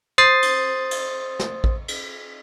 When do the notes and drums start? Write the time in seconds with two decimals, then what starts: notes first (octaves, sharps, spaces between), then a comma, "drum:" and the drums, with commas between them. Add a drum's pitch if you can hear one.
0.18 C5 D#6 A6 C7
0.42 drum: cymbal
0.91 drum: cymbal
1.40 drum: snare
1.64 drum: kick A1
1.88 drum: cymbal